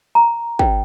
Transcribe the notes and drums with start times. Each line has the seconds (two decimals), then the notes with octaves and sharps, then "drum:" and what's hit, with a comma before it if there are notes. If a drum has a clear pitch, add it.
0.15 A#5
0.59 G5, drum: kick